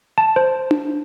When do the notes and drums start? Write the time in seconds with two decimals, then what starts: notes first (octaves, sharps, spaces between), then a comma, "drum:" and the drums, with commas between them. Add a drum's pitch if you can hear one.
0.18 A5
0.36 C5
0.71 drum: tom D4